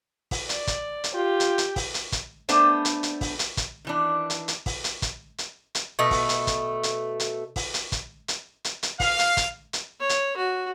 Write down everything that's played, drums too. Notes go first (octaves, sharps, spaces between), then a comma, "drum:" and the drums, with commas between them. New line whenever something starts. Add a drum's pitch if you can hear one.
drum: kick, open hi-hat
D5, drum: hi-hat
drum: kick, hi-hat
drum: hi-hat
F4 G4
drum: hi-hat
drum: hi-hat
drum: kick, open hi-hat
drum: hi-hat
drum: kick, hi-hat
A3 B3 D4 C5 G#5, drum: hi-hat
drum: hi-hat
drum: hi-hat
drum: kick, open hi-hat
drum: hi-hat
drum: kick, hi-hat
D#3 E3 D4
drum: hi-hat
drum: hi-hat
drum: kick, open hi-hat
drum: hi-hat
drum: kick, hi-hat
drum: hi-hat
drum: hi-hat
B2 A3
drum: kick, open hi-hat
drum: hi-hat
drum: kick, hi-hat
drum: hi-hat
drum: hi-hat
drum: kick, open hi-hat
drum: hi-hat
drum: kick, hi-hat
drum: hi-hat
drum: hi-hat
drum: hi-hat
F5, drum: kick, open hi-hat
drum: hi-hat
drum: kick, hi-hat
drum: hi-hat
C#5
drum: hi-hat
F#4